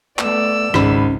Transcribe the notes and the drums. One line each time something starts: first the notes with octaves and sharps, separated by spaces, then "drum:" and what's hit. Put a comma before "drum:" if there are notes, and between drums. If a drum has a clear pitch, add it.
A3 B3 D5 E6, drum: clap
G#1 C#2 C#4 B5, drum: rim click